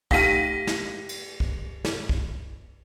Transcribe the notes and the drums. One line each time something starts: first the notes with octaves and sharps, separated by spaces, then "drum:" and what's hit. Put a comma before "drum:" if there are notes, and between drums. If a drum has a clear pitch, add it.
A3 D#4 G4 F5 F#5 A#6 B6 D#7, drum: kick
drum: snare
drum: cymbal
drum: kick
drum: snare
drum: kick